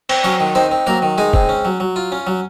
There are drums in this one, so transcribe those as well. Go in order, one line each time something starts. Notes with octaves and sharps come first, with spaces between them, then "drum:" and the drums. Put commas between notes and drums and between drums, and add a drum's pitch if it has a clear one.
C4, drum: cymbal
F#3 C#4 C#5
D#3
C4 D#4 C5
C4
F#3 A#3 A#4
D#3
G#3 D#4 G#4
C4, drum: kick
C#4
F#3
F#3
F4
C#4
F#3